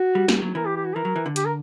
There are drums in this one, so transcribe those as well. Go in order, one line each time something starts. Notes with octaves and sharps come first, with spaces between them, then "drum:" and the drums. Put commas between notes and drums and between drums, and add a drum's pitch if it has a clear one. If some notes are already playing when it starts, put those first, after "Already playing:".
Already playing: F#4
G3
G3, drum: snare
F#3
E3 A#4
G4
G4
F#4
E3 A#4
F#3
E3
D3
G4, drum: hi-hat
A#4